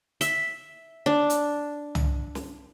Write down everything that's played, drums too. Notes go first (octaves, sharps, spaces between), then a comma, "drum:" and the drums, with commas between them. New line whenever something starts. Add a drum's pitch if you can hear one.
E5, drum: hi-hat
D4
drum: hi-hat
drum: tom
drum: snare